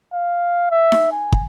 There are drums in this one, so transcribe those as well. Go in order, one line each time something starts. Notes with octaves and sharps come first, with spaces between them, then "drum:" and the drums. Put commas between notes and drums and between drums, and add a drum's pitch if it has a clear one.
F5
E5
drum: snare D#4
G#5
drum: kick